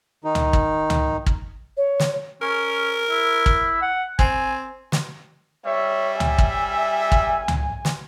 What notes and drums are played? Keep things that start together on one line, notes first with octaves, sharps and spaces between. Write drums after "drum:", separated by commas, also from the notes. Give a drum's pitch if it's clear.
D#3 D#4
drum: tom
drum: kick
drum: tom
drum: kick
C#5
drum: snare
C#4 A#4
E4
drum: kick
F#5
C4 G#5, drum: kick
drum: snare
G3 C#5 E5
G#5, drum: tom
drum: kick
drum: kick
drum: tom
drum: snare